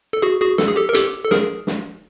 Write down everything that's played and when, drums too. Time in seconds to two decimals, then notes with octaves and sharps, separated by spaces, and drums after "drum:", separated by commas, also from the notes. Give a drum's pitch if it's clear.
0.13 A4
0.22 F#4 G#4
0.41 F#4 G#4
0.58 A4, drum: snare
0.68 G#4
0.76 G4 A4
0.89 A#4
0.94 G4 A4, drum: hi-hat
1.24 A4
1.31 G#4 A#4, drum: snare
1.67 drum: snare